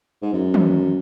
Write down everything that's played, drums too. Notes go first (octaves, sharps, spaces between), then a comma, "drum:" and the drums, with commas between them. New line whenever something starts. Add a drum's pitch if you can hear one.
G#2
F#2
drum: tom